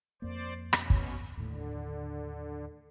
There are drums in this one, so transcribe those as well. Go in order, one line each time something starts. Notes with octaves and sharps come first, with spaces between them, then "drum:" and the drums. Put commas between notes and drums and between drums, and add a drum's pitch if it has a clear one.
F2 A#3 C5 D5
B2 C#4, drum: rim click
drum: kick
D#2 A2 D3